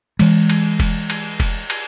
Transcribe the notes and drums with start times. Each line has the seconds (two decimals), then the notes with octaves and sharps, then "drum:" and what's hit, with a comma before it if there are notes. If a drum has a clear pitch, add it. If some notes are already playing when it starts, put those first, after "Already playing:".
0.19 E3 G#3, drum: cymbal
0.49 drum: cymbal
0.80 drum: kick F1, cymbal
1.10 drum: cymbal
1.40 drum: kick F1, cymbal
1.70 drum: cymbal